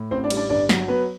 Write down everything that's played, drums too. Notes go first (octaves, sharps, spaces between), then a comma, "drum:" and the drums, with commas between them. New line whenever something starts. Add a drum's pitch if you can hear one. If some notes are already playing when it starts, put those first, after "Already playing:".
Already playing: A2
A1 C4 C5
D4 D5
G3, drum: cymbal
D4 D5
G1 D4 D5
F#3, drum: snare
F#3 B3 B4